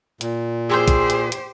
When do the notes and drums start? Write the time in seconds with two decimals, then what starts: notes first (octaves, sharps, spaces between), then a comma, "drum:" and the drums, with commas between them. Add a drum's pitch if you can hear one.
0.21 A#2, drum: hi-hat
0.70 E4 G4 G#4 C5 C6 G6
0.88 drum: kick, hi-hat
1.10 drum: hi-hat
1.32 drum: hi-hat